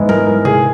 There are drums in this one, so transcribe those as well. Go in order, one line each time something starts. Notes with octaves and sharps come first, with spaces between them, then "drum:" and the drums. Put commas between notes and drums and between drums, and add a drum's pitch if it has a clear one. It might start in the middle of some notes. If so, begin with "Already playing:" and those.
Already playing: G#2 E3 G#3 B3 E4
A#4, drum: tom F#3
A#4
G#4, drum: tom C3